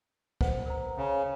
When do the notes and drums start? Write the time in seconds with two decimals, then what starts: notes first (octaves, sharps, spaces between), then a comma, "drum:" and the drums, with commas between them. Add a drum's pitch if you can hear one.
0.41 B4 C5 F#5, drum: kick
0.66 A#4 C5 A#5
0.97 C#3